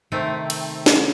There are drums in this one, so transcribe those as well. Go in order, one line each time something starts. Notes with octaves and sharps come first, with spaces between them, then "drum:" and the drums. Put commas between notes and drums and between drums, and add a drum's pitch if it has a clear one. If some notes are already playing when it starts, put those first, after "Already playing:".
C3 D#3 A3 C4
drum: cymbal
drum: snare